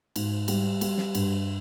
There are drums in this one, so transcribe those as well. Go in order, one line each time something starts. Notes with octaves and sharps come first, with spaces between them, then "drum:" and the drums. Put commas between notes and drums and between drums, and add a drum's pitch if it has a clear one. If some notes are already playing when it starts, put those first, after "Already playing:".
G#2, drum: cymbal
G3, drum: cymbal
G3, drum: cymbal
drum: snare
G2, drum: cymbal